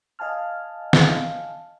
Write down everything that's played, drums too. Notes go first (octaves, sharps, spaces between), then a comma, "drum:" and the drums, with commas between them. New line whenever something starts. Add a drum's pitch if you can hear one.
D#5 F5 G#5 A5 F6
drum: snare